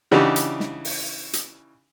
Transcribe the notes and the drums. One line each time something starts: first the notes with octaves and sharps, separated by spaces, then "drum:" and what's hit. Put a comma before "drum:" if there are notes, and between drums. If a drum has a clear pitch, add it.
C#3 E3 D4 D#4 F#4 G4
drum: hi-hat
drum: snare
drum: open hi-hat
drum: hi-hat